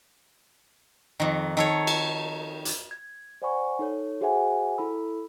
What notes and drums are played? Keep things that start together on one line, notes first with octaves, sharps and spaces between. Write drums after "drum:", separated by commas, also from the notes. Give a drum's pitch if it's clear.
F2 D#3
D#3 A4 C#5
drum: cymbal
drum: hi-hat
G#6
C5 D5 F#5 G#5 B5 C#6
D#4 A4 C#5
F#4 G#4 C5 E5 F#5 G#5
E4 A4 B5 E6